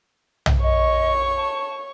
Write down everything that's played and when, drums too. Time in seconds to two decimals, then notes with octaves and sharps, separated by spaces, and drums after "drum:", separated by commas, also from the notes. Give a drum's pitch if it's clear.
0.46 drum: tom
0.62 C#5 D#5 C#6
1.36 A5